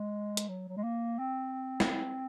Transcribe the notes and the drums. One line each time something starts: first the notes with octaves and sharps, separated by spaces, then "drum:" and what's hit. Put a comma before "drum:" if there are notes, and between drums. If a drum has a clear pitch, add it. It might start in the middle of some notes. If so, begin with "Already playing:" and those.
Already playing: G#3
drum: hi-hat
F#3
F#3
G#3
A#3
C4
drum: snare